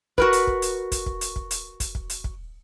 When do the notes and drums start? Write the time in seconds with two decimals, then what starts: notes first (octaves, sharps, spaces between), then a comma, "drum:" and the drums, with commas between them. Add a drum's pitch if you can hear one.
0.18 F#4 A#4 B4, drum: kick
0.33 drum: hi-hat
0.47 drum: kick
0.62 drum: hi-hat
0.92 drum: kick, hi-hat
1.06 drum: kick
1.21 drum: hi-hat
1.36 drum: kick
1.51 drum: hi-hat
1.80 drum: kick, hi-hat
1.95 drum: kick
2.10 drum: hi-hat
2.24 drum: kick